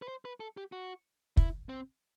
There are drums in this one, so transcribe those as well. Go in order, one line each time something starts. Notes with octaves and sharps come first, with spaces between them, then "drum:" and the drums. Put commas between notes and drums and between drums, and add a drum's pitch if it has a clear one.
B4
C5
B4
A4
G4
F#4
E4, drum: kick
C4